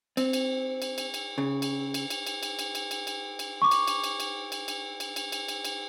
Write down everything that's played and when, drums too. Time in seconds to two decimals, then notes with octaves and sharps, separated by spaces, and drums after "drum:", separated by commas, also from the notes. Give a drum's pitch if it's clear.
0.17 C4, drum: cymbal
0.33 drum: cymbal
0.82 drum: cymbal
0.98 drum: cymbal
1.14 drum: cymbal
1.38 C#3
1.62 drum: cymbal
1.94 drum: cymbal
2.10 drum: cymbal
2.27 drum: cymbal
2.43 drum: cymbal
2.59 drum: cymbal
2.75 drum: cymbal
2.91 drum: cymbal
3.07 drum: cymbal
3.39 drum: cymbal
3.62 C#6 D6
3.71 drum: cymbal
3.87 drum: cymbal
4.04 drum: cymbal
4.20 drum: cymbal
4.52 drum: cymbal
4.68 drum: cymbal
5.00 drum: cymbal
5.16 drum: cymbal
5.32 drum: cymbal
5.48 drum: cymbal
5.65 drum: cymbal